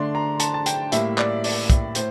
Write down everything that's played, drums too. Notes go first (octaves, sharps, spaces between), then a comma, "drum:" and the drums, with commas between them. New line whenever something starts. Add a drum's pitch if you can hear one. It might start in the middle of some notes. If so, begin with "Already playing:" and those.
Already playing: D3 A3 D4 C6
A#5
A5, drum: hi-hat
A5
G5, drum: hi-hat
A2 G3 A#3 E5, drum: hi-hat
D5, drum: clap
D5, drum: open hi-hat
drum: kick, hi-hat
A2 C5, drum: hi-hat